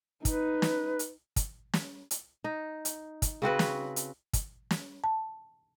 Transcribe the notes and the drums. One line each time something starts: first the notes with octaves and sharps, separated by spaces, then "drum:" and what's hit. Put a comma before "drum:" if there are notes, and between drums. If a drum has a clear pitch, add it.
D#4 B4, drum: kick, hi-hat
drum: snare
drum: hi-hat
drum: kick, hi-hat
drum: snare
drum: hi-hat
D#4
drum: hi-hat
drum: kick, hi-hat
C#3 C4 F#4 B4
drum: snare
drum: hi-hat
drum: kick, hi-hat
drum: snare
A5